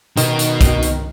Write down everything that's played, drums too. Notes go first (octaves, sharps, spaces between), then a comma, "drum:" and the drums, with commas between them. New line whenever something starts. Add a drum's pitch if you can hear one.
B2 D#3, drum: hi-hat
drum: hi-hat
drum: kick, hi-hat
drum: hi-hat